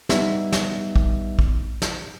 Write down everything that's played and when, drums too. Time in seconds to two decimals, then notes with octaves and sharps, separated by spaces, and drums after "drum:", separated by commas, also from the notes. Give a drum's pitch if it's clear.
0.09 G3 B3 D#4 E5, drum: snare
0.52 drum: snare
0.96 drum: kick
1.39 drum: kick
1.82 drum: snare